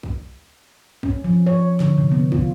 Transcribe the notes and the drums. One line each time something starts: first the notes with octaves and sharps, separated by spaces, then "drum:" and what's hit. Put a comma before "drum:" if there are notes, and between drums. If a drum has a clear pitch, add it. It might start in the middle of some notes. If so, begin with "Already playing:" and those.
drum: kick
C#4, drum: kick
F3
C#5
D3, drum: snare
C3
B3
F4, drum: kick